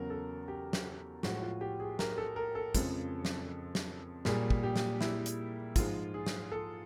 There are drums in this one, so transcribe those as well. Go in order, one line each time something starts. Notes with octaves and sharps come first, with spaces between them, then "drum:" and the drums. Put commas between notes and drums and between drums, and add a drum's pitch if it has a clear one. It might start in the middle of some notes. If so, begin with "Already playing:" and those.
Already playing: E2 C#3 F#3 A#4
A4
G4
drum: snare
A2 F3 G#3 F#4, drum: snare
F4
G4
G#4
A#4, drum: snare
A4
A#4
A4
F2 C#3 F3 G#3, drum: kick, hi-hat
drum: snare
drum: snare
A#2 G3 G#4, drum: snare
drum: kick
G4
drum: snare
E4, drum: snare
drum: hi-hat
G#2 F3 G#3 F4, drum: kick, hi-hat
G#4
drum: snare
A4